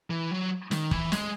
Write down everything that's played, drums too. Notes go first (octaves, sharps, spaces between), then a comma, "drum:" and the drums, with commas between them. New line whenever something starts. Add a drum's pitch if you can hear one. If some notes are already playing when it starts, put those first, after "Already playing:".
E3
F#3
D#3, drum: snare
E3, drum: kick
G#3, drum: snare